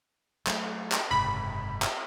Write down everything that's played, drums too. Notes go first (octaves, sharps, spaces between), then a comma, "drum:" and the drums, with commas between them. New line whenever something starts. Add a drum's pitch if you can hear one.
F#3 A3, drum: clap
drum: clap
F#1 G#2 C3 B5
drum: clap